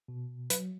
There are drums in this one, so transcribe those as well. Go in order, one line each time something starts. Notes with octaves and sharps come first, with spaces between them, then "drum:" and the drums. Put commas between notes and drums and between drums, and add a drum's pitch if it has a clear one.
B2
F#3 B4, drum: hi-hat